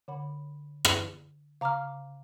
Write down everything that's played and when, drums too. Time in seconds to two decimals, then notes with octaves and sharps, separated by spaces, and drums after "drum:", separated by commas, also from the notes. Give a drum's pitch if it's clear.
0.08 D3 A#4 C#5 F#5 B5
0.85 drum: rim click
1.61 C#3 F5 A#5 D6 F6